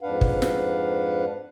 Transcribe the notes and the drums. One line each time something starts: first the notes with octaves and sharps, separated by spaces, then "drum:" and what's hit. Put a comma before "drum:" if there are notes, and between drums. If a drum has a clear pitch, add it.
F2 G#2 D4 B4 F5 F#5
drum: kick
drum: snare